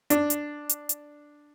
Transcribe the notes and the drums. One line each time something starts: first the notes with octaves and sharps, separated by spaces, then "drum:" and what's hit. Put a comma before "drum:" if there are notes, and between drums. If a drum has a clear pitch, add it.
D4, drum: hi-hat
drum: hi-hat
drum: hi-hat
drum: hi-hat